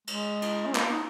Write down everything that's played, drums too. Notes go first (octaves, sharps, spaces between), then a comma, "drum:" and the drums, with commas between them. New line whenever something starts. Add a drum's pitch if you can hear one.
G#3, drum: cymbal
drum: cymbal
C#4
A#3, drum: clap
D#4